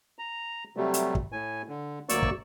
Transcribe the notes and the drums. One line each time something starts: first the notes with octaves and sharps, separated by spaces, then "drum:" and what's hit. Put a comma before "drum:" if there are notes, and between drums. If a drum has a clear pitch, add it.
A#5
C3 F#3 G3 A3
drum: hi-hat
drum: kick
A2 G#5
D3
D2 F#3 A#3 D5 C#6 E6, drum: hi-hat
drum: kick